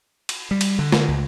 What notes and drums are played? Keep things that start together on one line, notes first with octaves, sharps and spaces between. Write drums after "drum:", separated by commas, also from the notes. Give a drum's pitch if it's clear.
drum: cymbal
G3
drum: cymbal
D3
drum: snare
C#2